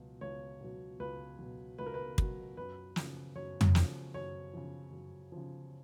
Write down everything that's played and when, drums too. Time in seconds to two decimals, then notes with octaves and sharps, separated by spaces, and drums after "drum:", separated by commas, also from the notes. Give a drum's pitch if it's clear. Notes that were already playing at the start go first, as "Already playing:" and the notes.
Already playing: C#2 B2 F#3
0.21 C#2 C#5
0.61 B2 F#3
1.00 C#2 B4
1.39 B2 F#3
1.78 C#2 B4
1.86 A#4
1.94 B4
2.18 B2 F#3, drum: kick
2.57 F#2 B4
2.96 C#3 F3, drum: snare
3.35 F#2 C#5
3.61 drum: tom
3.75 C#3 F3, drum: snare
4.14 F#2 C#5
4.53 C#3 F3
4.92 F#2
5.32 C#3 F3